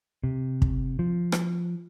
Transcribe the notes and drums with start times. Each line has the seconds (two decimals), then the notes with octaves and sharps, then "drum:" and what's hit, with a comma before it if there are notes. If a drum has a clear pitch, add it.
0.24 C3
0.62 drum: kick
0.99 F3
1.32 drum: rim click